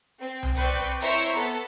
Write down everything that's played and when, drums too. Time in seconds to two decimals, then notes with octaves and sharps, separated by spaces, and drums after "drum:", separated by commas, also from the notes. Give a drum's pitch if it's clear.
0.19 C4
0.43 drum: tom C2
0.55 C4 B4 D5 C#6 G6
1.00 E4 C5 C#5 E5 A#5 C#6
1.25 drum: open hi-hat
1.35 B3 A4